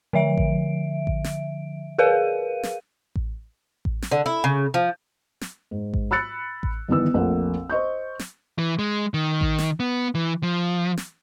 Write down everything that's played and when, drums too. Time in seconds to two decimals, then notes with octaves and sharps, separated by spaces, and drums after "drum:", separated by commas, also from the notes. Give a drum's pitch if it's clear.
0.13 D3 F3 E5 D7
0.38 drum: kick A1
1.07 drum: kick A1
1.24 drum: snare
1.98 G#4 A#4 B4 F5 D#7
2.63 drum: snare
3.16 drum: kick A1
3.85 drum: kick A1
4.02 drum: snare
4.11 D3
4.26 E4
4.44 C#3
4.74 F3
5.41 drum: snare
5.71 G#2
5.94 drum: kick A1
6.11 B5 E6 F#6 A6 C#7
6.63 drum: kick A1
6.88 G1 D#3 E3 B3 E6
7.14 F1 A#1 A3 A#4 F#5
7.70 C5 D#5 C#6 G6
8.19 drum: snare
8.59 E3
8.79 G#3
9.14 D#3
9.41 drum: kick A1
9.58 drum: snare
9.80 B3
10.15 E3
10.43 F3
10.97 drum: snare